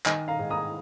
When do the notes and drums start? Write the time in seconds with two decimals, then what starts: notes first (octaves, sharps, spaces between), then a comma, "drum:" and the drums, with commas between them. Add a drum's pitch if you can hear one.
0.06 D#3 D#5 G#5, drum: clap
0.28 F5 A#5
0.39 G#2
0.50 A#5 D#6